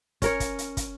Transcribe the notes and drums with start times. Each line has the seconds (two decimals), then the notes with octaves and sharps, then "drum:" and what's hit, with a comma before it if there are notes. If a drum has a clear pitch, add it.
0.22 C#4 A#4 C#5, drum: kick, hi-hat
0.40 drum: kick, hi-hat
0.58 drum: hi-hat
0.77 drum: kick, hi-hat